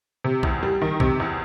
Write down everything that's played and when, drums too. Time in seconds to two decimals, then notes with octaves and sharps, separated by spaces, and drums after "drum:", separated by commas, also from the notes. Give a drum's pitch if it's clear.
0.24 C3
0.43 E2, drum: kick A#1
0.63 G3
0.82 D#3
1.00 C3, drum: kick A#1
1.20 E2